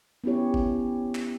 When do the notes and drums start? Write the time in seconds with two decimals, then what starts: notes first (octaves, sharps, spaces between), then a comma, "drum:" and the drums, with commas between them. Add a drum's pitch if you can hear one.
0.24 B3 C#4 E4 G4 C#5
0.54 drum: kick
1.15 drum: clap